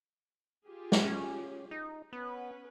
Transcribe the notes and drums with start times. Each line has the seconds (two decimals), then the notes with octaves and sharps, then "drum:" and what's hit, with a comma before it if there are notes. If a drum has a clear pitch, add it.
0.67 F4 G4 G#4
0.92 drum: snare
1.04 C#4
1.71 D#4
2.13 B3 C#4 B4